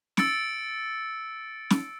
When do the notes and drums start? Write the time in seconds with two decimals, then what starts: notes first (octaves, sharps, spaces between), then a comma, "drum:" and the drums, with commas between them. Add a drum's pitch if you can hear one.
0.17 E6 A6 C#7 D7, drum: snare
1.70 drum: snare